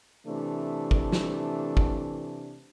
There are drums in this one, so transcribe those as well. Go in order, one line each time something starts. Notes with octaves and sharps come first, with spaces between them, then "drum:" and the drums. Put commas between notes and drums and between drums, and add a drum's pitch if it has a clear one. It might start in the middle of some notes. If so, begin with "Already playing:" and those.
C3 E3 A3 D4
drum: kick G1
drum: snare
drum: kick G1